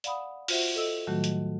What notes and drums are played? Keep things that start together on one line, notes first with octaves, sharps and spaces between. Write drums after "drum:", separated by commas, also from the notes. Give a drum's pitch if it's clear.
D5 F5 F#5 B5 D#6, drum: hi-hat
F4 F#4 C5 E5 F#5, drum: open hi-hat
A4 D#5 E6
A2 D#3 F#3 G3 A3 F#4
drum: hi-hat